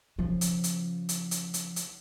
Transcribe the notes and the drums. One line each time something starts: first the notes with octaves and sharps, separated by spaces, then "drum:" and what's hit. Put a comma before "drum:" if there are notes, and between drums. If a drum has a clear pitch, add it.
C#3 F3
drum: hi-hat
drum: hi-hat
drum: hi-hat
drum: hi-hat
drum: hi-hat
drum: hi-hat